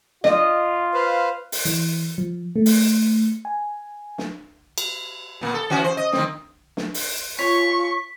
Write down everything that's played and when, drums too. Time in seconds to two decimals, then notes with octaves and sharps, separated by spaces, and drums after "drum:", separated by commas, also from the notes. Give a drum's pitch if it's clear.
0.24 F4 D#5, drum: snare
0.94 B4 C5 F5
1.52 drum: open hi-hat
1.65 E3, drum: hi-hat
2.18 F3
2.56 A3
2.66 drum: open hi-hat
3.45 G#5
4.18 drum: snare
4.78 drum: cymbal
5.41 A#2 A#3
5.54 A4
5.70 E3 C#4 F#4
5.84 C5
5.97 D#5
6.12 D#3 C4, drum: snare
6.77 drum: snare
6.94 drum: open hi-hat
7.39 F4 C#5 C#6 B6